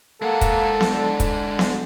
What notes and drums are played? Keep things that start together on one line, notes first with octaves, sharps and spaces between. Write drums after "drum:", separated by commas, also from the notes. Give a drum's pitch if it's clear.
G#3 A#3 A4 F#5
drum: kick, hi-hat
drum: snare B3
D3
drum: kick, hi-hat
drum: snare B3